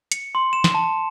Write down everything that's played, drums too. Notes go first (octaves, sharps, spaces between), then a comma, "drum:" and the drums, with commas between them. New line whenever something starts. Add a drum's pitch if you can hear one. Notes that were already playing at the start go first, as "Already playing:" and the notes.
C#7, drum: hi-hat
C6
E7
drum: snare
A5